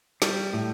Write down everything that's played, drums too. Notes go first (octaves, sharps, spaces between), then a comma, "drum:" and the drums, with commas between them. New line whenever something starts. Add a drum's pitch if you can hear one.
G3, drum: snare
A2